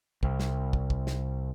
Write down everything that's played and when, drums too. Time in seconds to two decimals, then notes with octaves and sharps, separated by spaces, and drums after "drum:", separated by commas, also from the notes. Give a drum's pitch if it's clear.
0.23 C2, drum: kick
0.40 drum: snare
0.73 drum: kick
0.90 drum: kick
1.07 drum: snare